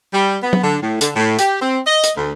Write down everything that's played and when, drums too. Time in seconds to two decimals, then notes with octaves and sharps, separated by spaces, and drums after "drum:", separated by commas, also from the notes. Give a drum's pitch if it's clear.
0.13 G3
0.43 B3
0.53 drum: tom F#3
0.63 D3
0.82 A2
1.01 D3, drum: hi-hat
1.16 A2
1.39 G4, drum: hi-hat
1.62 C4
1.87 D#5
2.04 drum: hi-hat
2.17 D2